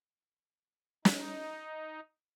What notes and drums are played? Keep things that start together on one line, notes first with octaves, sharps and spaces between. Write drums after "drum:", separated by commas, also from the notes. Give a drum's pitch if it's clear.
D#4, drum: snare